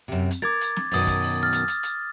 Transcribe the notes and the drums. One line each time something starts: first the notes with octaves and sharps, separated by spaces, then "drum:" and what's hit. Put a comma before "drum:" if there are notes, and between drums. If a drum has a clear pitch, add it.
F#2 C3
drum: hi-hat
A#4 D6 G#6 A6
drum: hi-hat
drum: snare
F#2 B2 D#3 D#6 A6, drum: open hi-hat
drum: kick, hi-hat
drum: open hi-hat
F6 A6
drum: hi-hat
drum: hi-hat
drum: hi-hat